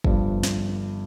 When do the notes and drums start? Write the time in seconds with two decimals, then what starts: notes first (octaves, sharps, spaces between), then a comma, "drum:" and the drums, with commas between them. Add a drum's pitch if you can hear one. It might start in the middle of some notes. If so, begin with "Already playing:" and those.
0.04 G1 G2 F3, drum: kick
0.43 drum: snare